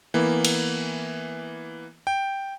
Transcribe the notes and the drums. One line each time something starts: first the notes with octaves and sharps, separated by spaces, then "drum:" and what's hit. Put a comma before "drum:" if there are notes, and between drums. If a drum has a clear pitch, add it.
E3 A#3 B3
drum: cymbal
G5